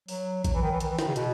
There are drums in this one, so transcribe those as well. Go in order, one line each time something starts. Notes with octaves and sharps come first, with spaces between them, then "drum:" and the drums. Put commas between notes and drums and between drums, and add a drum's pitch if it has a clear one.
F#3, drum: open hi-hat
F#3, drum: kick A#1, hi-hat
E3
D#3
E3
D#3, drum: hi-hat
E3
D#3, drum: snare
C#3
B2, drum: hi-hat